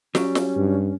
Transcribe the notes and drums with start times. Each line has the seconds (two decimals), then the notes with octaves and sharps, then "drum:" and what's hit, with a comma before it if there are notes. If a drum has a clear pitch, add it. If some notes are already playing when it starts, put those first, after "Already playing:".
0.15 F#3 G3 C#4, drum: snare
0.35 drum: snare
0.56 G2